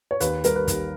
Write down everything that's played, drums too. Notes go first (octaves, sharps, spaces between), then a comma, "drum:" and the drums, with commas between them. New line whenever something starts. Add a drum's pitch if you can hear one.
C#5
D#2 B4, drum: hi-hat
G3 A#4, drum: hi-hat
B4
D#2, drum: kick, hi-hat